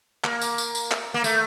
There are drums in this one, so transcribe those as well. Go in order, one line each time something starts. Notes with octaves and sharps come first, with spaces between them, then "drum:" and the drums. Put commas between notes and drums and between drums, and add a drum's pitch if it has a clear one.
A#3, drum: clap
drum: tambourine
drum: tambourine
drum: tambourine
drum: clap
A#3
A3, drum: tambourine